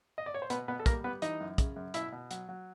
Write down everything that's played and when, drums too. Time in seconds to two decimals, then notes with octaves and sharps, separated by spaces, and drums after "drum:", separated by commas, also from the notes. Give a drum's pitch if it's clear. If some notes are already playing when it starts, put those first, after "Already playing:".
0.18 D#5
0.26 D5
0.34 C#5
0.42 C5
0.50 B2 B3 B4, drum: hi-hat
0.68 B2 B3 B4
0.79 A4
0.86 G3 A#3 A#4, drum: kick, hi-hat
1.04 G3 B3 B4
1.22 E3 D#4 D#5, drum: hi-hat
1.40 F#2
1.58 C#3, drum: kick, hi-hat
1.76 F#2
1.94 B2 E4 E5, drum: hi-hat
2.12 B2
2.31 F#3, drum: hi-hat
2.49 F#3